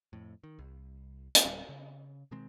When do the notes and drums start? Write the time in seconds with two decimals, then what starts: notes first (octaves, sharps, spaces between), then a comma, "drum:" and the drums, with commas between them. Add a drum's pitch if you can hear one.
0.13 F2 A2
0.44 D#3
0.59 C2
1.35 drum: hi-hat
1.45 D1 G3
1.69 C#3
2.31 B2 D#3 G#3 C4